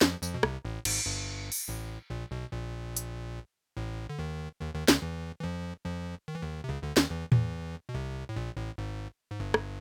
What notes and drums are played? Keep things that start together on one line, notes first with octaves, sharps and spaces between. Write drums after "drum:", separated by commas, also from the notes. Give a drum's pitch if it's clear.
F2 F3, drum: snare
F2 F3, drum: tambourine
B2
C2 C3, drum: rim click
A1 A2
G#1 G#2, drum: cymbal
G1 G2
drum: open hi-hat
A1 A2
A#1 A#2
B1 B2
A#1 A#2
drum: hi-hat
A1 A2
D3
D#2 D#3
D#2 D#3
D#2 D#3
D2 D3, drum: snare
E2 E3
E3
F2 F3
F2 F3
D#3
E3
D#2 D#3
C3
C#2 C#3
D2 D3
D#2 D#3, drum: snare
E2 E3
E2 E3, drum: tom A2
B2
C2 C3
A2
A#1 A#2
A1 A2
G#1 G#2
G#2
G1 G2
drum: rim click